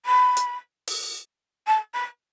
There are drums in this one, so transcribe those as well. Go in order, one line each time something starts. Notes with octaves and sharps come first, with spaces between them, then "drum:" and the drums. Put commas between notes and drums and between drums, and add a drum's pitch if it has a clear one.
B5
drum: hi-hat
drum: open hi-hat
A5
B5